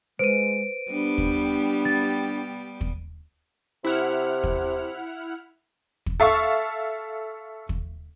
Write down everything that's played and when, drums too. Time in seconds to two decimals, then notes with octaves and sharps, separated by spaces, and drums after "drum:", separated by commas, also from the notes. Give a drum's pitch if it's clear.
0.19 G#3 B4 C5 D7 D#7
0.91 G3 B3 D4 G4
1.18 drum: kick
1.85 A6
2.81 drum: kick
3.85 C3 E4 F#5 F6
4.44 drum: kick
6.06 drum: kick
6.20 A4 E5 F5 C#6
7.69 drum: kick